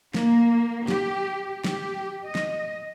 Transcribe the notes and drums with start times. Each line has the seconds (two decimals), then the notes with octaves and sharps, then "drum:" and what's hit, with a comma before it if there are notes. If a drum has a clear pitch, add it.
0.14 A#3, drum: snare
0.88 G4, drum: snare
1.64 G4, drum: snare
2.23 D#5
2.35 drum: snare